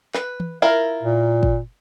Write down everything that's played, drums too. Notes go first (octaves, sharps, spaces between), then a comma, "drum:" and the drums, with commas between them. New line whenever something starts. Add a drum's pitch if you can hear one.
B4, drum: clap
drum: tom E3
E4 F4 A#4
A#2
drum: kick